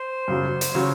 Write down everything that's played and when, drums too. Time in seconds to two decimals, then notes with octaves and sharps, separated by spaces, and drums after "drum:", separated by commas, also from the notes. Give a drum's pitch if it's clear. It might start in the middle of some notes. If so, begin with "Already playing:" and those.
Already playing: C5
0.28 F#2 C#3 F#3
0.61 drum: hi-hat
0.73 C#3 F#3 C#5